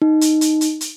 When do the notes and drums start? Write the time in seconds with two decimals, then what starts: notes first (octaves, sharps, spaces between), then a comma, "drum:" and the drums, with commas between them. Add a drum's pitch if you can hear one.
0.02 D#4
0.21 drum: hi-hat
0.41 drum: hi-hat
0.61 drum: hi-hat
0.81 drum: hi-hat